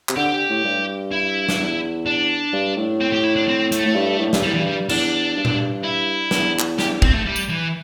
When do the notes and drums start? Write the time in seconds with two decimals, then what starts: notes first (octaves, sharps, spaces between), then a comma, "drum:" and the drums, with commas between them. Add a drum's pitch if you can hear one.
0.09 C3, drum: clap
0.17 D3 G4
0.49 A2
0.64 G2
1.11 E4
1.49 G2, drum: snare
1.59 E2
2.06 D4
2.53 G2
2.77 A2
3.00 C4
3.12 G4
3.24 E4
3.36 D4
3.48 C4
3.72 A3, drum: hi-hat
3.86 A2
3.94 G2
4.19 A2
4.33 G2, drum: snare
4.43 E2 G3
4.54 E3
4.59 G2
4.66 G3
4.89 E2 D4, drum: cymbal
5.37 G2
5.45 E2, drum: tom A#2
5.54 G2
5.83 E4
6.31 E2, drum: snare
6.59 drum: clap
6.79 G4, drum: snare
7.02 C4, drum: kick
7.13 A3
7.26 G3
7.36 drum: tambourine
7.50 E3